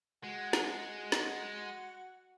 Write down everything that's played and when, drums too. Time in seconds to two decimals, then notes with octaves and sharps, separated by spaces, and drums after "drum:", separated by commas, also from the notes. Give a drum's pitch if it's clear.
0.24 G#3 F#4 F#5
0.53 drum: snare
1.12 drum: snare